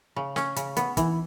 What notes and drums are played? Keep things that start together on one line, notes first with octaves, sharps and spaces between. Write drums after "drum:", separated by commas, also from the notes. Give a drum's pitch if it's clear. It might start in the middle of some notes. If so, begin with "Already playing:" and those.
C#3
C#4, drum: snare
C#3, drum: hi-hat
B3, drum: hi-hat
E3, drum: kick, hi-hat